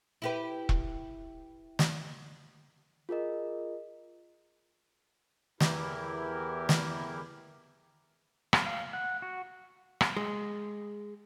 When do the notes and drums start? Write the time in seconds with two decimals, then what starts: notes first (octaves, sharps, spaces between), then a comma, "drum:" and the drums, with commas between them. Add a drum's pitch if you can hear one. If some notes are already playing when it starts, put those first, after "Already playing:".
0.22 E4 G4 B4
0.69 drum: kick E1
1.79 drum: snare
3.09 F4 G#4 A#4 D#5
5.60 E2 E3 E4 G4 A#4, drum: snare
6.69 drum: snare
8.53 drum: rim click
8.66 F5
8.93 F#5
9.22 F#4
10.01 drum: rim click
10.17 G#3